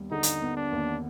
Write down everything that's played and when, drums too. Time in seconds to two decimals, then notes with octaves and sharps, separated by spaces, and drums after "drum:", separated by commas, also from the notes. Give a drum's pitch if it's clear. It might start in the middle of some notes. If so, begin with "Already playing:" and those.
Already playing: D#2 G3 B3
0.11 D3 D#4
0.23 drum: hi-hat
0.42 B3
0.56 D4
0.72 D#2